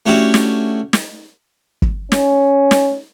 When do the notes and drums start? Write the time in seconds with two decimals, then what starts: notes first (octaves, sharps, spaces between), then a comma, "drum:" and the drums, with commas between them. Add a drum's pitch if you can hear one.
0.06 A3 C#4 D4 E4 F#4 G4
0.34 drum: snare
0.93 drum: snare
1.82 drum: kick
2.12 C#4, drum: snare
2.71 drum: snare